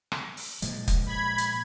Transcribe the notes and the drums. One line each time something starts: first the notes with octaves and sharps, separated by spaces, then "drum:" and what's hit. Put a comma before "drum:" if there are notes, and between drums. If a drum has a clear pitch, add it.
drum: rim click
drum: open hi-hat
A#2 F3 G#3, drum: hi-hat
drum: kick, hi-hat
B5 G#6
drum: hi-hat